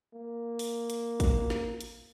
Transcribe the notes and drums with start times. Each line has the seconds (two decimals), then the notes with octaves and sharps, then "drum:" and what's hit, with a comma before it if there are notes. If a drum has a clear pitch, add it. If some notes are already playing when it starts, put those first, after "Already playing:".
0.14 A#3
0.59 drum: open hi-hat
0.90 drum: hi-hat
1.20 drum: kick, hi-hat
1.50 drum: snare
1.81 drum: hi-hat